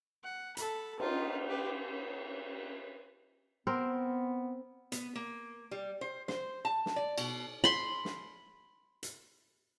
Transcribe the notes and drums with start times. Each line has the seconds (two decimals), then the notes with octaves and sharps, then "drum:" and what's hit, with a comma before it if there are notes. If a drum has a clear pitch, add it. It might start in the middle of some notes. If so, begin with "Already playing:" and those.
0.23 F#5
0.57 A4 B5, drum: hi-hat
1.00 D#4 F4, drum: cymbal
1.48 G4 B4
3.67 B3 C4 A#4 C5
4.92 B3, drum: hi-hat
5.15 A#3
5.71 G3
6.01 C5
6.28 C5, drum: snare
6.65 A5
6.86 drum: snare
6.96 D5
7.18 B2, drum: cymbal
7.64 B5 C6
8.05 drum: snare
9.03 drum: hi-hat